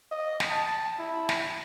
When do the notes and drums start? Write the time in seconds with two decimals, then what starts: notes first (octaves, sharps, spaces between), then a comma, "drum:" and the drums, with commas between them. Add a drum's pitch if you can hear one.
0.12 D#5
0.40 drum: snare
0.50 A5
0.99 E4
1.29 drum: snare